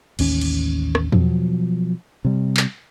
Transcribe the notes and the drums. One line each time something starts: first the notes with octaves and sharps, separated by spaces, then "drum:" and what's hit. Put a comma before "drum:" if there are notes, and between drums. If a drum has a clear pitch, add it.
A1 D#2 C#4, drum: cymbal
drum: cymbal
drum: rim click
B2 F3 F#3, drum: tom E2
C3 G3
drum: clap